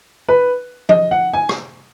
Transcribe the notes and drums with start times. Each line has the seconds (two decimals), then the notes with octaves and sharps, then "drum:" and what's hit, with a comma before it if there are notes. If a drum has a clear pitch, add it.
0.29 B4
0.89 D#5, drum: tom F3
1.11 F#5
1.33 G#5
1.49 drum: rim click